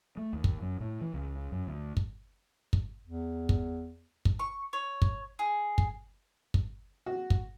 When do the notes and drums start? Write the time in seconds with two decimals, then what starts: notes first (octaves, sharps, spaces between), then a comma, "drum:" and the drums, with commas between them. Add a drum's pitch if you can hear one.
0.17 A3
0.33 D#2
0.44 drum: kick
0.61 F#2
0.81 A2
1.01 E3
1.14 C#2
1.52 F#2
1.67 D2
1.97 drum: kick
2.73 drum: kick
3.04 E2
3.49 drum: kick
4.25 drum: kick
4.39 C#6
4.73 C#5
5.02 drum: kick
5.39 G#4
5.78 drum: kick
6.54 drum: kick
7.06 F#4
7.30 drum: kick